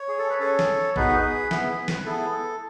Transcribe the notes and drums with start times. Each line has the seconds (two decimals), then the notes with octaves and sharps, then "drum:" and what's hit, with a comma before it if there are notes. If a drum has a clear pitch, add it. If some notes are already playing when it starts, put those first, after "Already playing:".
Already playing: C#5
0.09 G#4
0.19 A4
0.30 B4
0.40 C#4 G#4 A4 C#5
0.59 drum: snare
0.96 B3 D#4 F#4 G#4 B4, drum: kick A1
1.51 B3 E4 G#4, drum: snare
1.88 drum: snare
2.06 B3 E4 G#4 A4